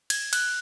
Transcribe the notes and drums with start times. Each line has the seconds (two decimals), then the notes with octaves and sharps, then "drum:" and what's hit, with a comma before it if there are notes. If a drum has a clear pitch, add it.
0.10 G#6, drum: cymbal
0.33 F#6, drum: cymbal